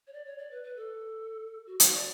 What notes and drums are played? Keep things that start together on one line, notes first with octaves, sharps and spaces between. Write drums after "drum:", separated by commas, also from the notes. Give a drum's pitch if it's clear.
C#5
D5
C#5
D5
B4
B4
A4
F#4
F#4, drum: hi-hat
D5